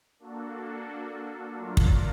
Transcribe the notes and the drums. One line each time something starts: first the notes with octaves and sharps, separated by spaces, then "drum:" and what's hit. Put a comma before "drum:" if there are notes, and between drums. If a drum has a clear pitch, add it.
A#3 D4 F#4 A4
F#3 A3 D4 F4 A#4
drum: kick